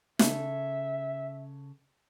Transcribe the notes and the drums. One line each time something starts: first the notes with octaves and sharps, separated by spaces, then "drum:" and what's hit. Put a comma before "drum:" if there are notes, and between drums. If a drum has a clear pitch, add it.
C#3 A4 E5, drum: snare